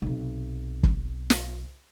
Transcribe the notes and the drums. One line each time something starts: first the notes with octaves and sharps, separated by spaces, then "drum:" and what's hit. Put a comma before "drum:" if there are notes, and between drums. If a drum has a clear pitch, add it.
B1 C3
drum: kick
drum: snare